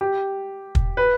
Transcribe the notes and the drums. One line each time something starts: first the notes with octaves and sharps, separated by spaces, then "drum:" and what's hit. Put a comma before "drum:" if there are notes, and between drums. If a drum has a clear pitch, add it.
G4
drum: kick
B4